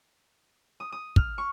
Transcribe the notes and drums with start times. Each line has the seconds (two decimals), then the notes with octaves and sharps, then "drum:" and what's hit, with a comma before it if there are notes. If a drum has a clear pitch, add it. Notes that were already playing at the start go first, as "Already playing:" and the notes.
0.80 D#6
0.92 D#6
1.16 F6, drum: kick
1.38 C#6